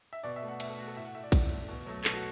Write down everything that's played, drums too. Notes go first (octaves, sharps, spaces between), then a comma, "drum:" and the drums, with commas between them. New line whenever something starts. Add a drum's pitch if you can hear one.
E5
B2 D5
E5
A3
F#5
B2 E5, drum: cymbal
A4
A3 F#4
A4
A2 E5
F#5
A3 E5
D5
A2, drum: kick A#1, cymbal
A3
B2
F#3 A3
B2 A4, drum: clap
F#4